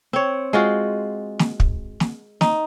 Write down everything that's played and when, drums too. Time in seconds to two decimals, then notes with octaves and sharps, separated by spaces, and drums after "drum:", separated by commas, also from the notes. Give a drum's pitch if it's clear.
0.13 C4 C#5
0.53 G#3 F4 F#4
1.39 drum: snare
1.60 drum: kick
2.00 drum: snare
2.41 D#4, drum: snare